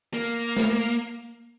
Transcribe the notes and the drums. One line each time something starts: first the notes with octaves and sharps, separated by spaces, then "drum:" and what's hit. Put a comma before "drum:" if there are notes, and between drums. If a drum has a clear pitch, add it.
A#3
drum: snare